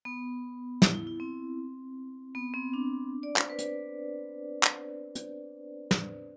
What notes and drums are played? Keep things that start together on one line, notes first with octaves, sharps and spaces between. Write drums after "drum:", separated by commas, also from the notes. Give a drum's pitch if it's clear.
B3
E4, drum: snare
E4
E4
C4
B3
C4
D4
D5
C5, drum: clap
B4
drum: hi-hat
drum: clap
drum: hi-hat
drum: snare